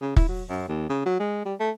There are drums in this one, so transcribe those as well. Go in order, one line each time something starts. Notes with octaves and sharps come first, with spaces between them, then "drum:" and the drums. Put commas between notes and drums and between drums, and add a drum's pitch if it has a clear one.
C#3
E4, drum: kick
F#3
F#2
D#2
C#3
F#3
G#3
G3
A3